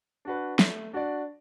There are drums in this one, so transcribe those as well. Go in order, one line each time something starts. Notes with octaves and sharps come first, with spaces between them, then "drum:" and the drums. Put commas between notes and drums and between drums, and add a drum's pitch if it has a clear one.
D4 F#4 B4
A3, drum: snare
D4 F#4 D5